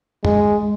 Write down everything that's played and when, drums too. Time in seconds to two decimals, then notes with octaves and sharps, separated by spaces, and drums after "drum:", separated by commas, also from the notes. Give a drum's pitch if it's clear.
0.25 G#3, drum: tom